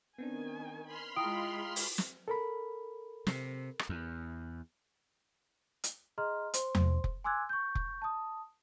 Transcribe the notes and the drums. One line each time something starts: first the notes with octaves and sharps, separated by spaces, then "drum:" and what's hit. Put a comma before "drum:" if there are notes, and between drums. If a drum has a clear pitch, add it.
D#3 B3 C4 D4 G#5
B5 C6 F6
G#3 E4 F4 G5 A#5 D#6 D7
drum: open hi-hat
drum: snare
A4 A#4 B5
C3, drum: snare
drum: rim click
E2
drum: hi-hat
G#4 D#5 A#5 C6 F6
C5 C6, drum: hi-hat
drum: tom E2
drum: kick F1
G#5 C6 D6 E6 F#6 G#6
C#6 G6
drum: kick F1
A5 D#6